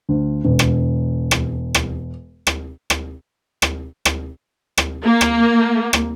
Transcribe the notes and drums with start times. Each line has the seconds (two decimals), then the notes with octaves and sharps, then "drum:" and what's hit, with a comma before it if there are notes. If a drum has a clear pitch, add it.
0.09 D2
0.45 E1
0.59 drum: rim click
1.31 drum: rim click
1.74 drum: rim click
2.47 drum: rim click
2.90 drum: rim click
3.62 drum: rim click
4.05 drum: rim click
4.78 drum: rim click
5.05 A#3
5.21 drum: rim click
5.93 drum: rim click